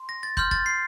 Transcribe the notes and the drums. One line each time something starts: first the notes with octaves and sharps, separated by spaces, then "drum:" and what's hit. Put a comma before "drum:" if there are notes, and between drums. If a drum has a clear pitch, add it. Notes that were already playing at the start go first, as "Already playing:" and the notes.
Already playing: C6
A#6
A6
C6 F6 G6, drum: kick
A6, drum: kick
C7